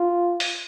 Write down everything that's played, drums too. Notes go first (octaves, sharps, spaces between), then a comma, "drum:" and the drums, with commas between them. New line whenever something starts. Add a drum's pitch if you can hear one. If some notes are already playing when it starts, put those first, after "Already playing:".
Already playing: F4
drum: open hi-hat